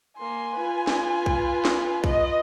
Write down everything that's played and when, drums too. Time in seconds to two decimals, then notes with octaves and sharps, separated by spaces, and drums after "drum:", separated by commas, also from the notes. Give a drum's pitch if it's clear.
0.18 A#3 G#5 C6
0.56 F4 B4
0.87 drum: snare
1.26 drum: kick
1.65 drum: snare
2.04 D#5, drum: kick